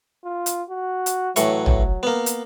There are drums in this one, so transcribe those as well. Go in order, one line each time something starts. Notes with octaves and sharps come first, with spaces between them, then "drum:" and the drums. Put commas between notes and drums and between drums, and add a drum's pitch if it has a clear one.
F4
drum: hi-hat
F#4
drum: hi-hat
A2 E3 F#3 C#6, drum: hi-hat
drum: tom
A#3 B3
drum: hi-hat